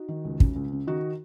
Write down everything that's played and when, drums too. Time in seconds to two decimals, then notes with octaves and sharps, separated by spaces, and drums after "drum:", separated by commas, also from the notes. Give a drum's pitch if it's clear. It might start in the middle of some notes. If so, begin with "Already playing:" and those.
Already playing: D#4 F#4
0.09 D#3
0.25 C#2
0.40 C#3, drum: kick
0.56 C#2
0.72 C#3
0.87 D#3 D#4 F#4